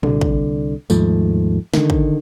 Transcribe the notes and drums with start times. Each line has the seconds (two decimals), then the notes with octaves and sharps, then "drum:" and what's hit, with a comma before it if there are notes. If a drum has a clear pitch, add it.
0.03 C2 D3, drum: tom
0.21 drum: kick
0.90 D#2 G#2 F3 A3, drum: tambourine
1.74 D3 D#3, drum: snare
1.90 drum: kick